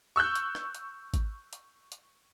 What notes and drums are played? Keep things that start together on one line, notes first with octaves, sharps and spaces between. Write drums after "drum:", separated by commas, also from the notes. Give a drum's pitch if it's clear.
C#6 E6 F#6 G6
drum: hi-hat
drum: rim click
drum: hi-hat
drum: kick G#1, hi-hat
drum: hi-hat
drum: hi-hat